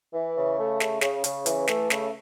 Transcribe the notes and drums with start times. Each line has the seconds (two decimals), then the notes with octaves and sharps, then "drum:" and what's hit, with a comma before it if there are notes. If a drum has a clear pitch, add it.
0.14 E3
0.36 C#3
0.58 A3
0.80 C#3, drum: snare
1.01 C#3, drum: snare
1.24 C#3, drum: hi-hat
1.46 E3, drum: hi-hat
1.67 A3, drum: snare
1.90 C#3, drum: snare